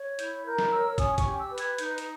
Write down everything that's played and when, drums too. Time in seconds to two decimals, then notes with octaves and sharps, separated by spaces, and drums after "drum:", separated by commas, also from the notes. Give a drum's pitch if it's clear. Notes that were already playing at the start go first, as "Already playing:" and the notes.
Already playing: C#5
0.19 E4 G6, drum: hi-hat
0.45 A#4 G6
0.58 drum: snare
0.72 C#5 E6
0.98 C#4 D#6, drum: kick, hi-hat
1.18 C#6, drum: kick, hi-hat
1.25 G4
1.39 E6
1.51 B4
1.58 G#6, drum: hi-hat
1.78 D#4 G6, drum: hi-hat
1.98 drum: hi-hat